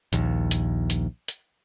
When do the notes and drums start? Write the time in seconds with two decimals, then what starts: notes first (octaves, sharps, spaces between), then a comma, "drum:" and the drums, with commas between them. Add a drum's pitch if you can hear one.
0.13 A#1 D#2, drum: hi-hat
0.51 drum: hi-hat
0.90 drum: hi-hat
1.28 drum: hi-hat